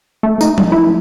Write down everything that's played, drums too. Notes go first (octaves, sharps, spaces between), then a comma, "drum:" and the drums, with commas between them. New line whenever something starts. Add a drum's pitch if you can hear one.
A3
D#4, drum: tambourine
drum: tom F3
E4